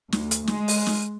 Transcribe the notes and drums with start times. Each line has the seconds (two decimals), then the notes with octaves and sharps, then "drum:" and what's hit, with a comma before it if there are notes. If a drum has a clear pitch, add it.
0.12 D2, drum: snare
0.31 drum: hi-hat
0.47 G#3, drum: snare
0.68 drum: open hi-hat
0.86 drum: snare